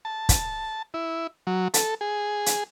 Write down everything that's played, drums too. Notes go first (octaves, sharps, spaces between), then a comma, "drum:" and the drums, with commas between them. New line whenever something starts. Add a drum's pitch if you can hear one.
A5
drum: kick, hi-hat
E4
F#3
A4, drum: hi-hat
G#4
drum: hi-hat